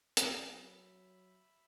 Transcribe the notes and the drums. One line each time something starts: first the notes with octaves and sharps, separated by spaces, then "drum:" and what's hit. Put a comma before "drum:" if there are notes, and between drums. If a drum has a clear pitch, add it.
drum: hi-hat
F#3 E5 B5